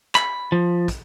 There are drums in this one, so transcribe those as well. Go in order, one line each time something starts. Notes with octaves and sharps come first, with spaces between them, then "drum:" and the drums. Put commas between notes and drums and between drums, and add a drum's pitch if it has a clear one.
B5, drum: clap
F3
drum: kick, hi-hat